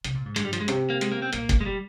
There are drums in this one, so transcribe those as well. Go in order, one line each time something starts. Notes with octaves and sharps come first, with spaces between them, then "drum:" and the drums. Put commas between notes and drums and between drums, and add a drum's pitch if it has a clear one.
C3, drum: hi-hat
A#2
G#2
G2 G#3, drum: hi-hat
G3
F3, drum: hi-hat
G#3
C3, drum: hi-hat
A#3
G#3, drum: hi-hat
A#3
C4
A#2 A#3, drum: hi-hat
drum: kick, hi-hat
G#3
G3